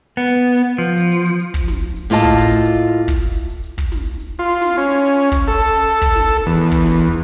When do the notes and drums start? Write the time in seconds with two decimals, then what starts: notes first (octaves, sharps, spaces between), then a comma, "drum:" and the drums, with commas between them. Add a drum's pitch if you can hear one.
0.17 B3
0.28 drum: hi-hat
0.56 drum: hi-hat
0.78 F3
0.98 drum: hi-hat
1.12 drum: hi-hat
1.26 drum: hi-hat
1.40 drum: hi-hat
1.54 drum: kick, hi-hat
1.68 drum: snare
1.82 drum: hi-hat
1.96 drum: hi-hat
2.10 A2 A#3 F4 D#5 A5, drum: hi-hat
2.24 drum: kick, hi-hat
2.38 drum: snare
2.52 drum: hi-hat
2.66 drum: hi-hat
3.08 drum: kick, hi-hat
3.22 drum: hi-hat
3.36 drum: hi-hat
3.50 drum: hi-hat
3.64 drum: hi-hat
3.78 drum: kick
3.92 drum: snare
4.06 drum: hi-hat
4.20 drum: hi-hat
4.39 F4
4.62 drum: snare
4.78 C#4, drum: hi-hat
4.90 drum: hi-hat
5.04 drum: hi-hat
5.18 drum: hi-hat
5.32 drum: kick, hi-hat
5.48 A4, drum: hi-hat
5.60 drum: hi-hat
5.74 drum: hi-hat
5.88 drum: hi-hat
6.02 drum: kick, hi-hat
6.16 drum: snare
6.30 drum: hi-hat
6.46 E2, drum: hi-hat
6.58 drum: hi-hat
6.72 drum: kick, hi-hat
6.86 drum: snare